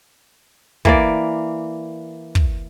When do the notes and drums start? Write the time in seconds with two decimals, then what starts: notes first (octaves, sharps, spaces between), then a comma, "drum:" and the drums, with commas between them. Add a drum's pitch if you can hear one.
0.85 E3 A#3 D5, drum: kick
2.35 drum: kick